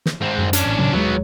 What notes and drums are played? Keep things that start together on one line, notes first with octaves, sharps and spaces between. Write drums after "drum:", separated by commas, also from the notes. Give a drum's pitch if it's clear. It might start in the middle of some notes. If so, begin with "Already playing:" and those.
drum: snare
G#2 C4
F#2
C#4 D4, drum: hi-hat
A1
A2 C#3 F#3
D#1 F#3 G#3 B3